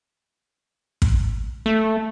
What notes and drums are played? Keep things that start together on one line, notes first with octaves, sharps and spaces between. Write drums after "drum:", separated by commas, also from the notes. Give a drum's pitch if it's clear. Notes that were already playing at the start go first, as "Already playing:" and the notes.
drum: kick
A3